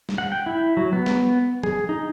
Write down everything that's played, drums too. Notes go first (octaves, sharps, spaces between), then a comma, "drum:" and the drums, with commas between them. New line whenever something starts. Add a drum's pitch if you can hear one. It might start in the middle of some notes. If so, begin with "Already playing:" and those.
drum: snare
F#5
G5
E4
F#3
B3
drum: snare
G#4, drum: tom
D#4